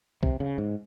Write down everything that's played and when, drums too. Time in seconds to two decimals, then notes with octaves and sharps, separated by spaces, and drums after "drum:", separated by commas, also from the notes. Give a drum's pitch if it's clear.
0.23 C3, drum: kick
0.40 C#3
0.58 G#2